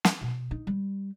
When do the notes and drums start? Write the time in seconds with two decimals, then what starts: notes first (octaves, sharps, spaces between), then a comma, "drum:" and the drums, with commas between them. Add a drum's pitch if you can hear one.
0.05 drum: snare
0.22 B2
0.51 D#4
0.67 G3